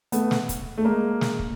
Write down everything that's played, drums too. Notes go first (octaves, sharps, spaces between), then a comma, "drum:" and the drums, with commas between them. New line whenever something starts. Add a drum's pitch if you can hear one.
A3 B3, drum: hi-hat
drum: snare
drum: kick, hi-hat
A3
G#3 A#3
drum: snare
drum: kick